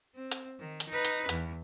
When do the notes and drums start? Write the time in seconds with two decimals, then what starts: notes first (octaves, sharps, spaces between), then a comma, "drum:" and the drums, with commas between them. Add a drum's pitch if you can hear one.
0.15 C4
0.32 drum: hi-hat
0.60 D#3
0.80 drum: hi-hat
0.89 D#4 B4
1.05 drum: hi-hat
1.29 E2, drum: hi-hat